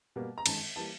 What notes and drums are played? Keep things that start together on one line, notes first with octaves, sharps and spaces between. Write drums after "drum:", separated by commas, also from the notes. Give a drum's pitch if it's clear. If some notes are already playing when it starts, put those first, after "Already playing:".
B2 G3 A#3
A#5
F#2 D#3 G#3 A5, drum: cymbal
E3 G3 A#3 A5